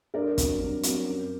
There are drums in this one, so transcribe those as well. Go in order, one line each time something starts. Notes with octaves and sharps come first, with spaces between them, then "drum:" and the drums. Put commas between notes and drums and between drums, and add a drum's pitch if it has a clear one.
G2 A#4 D5
F#3 C4, drum: kick, hi-hat
G2
F#3 C4, drum: hi-hat
F#2